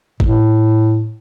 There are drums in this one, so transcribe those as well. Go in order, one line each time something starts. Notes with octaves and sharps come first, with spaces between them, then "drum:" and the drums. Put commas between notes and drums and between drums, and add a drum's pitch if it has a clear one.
A2, drum: kick G#1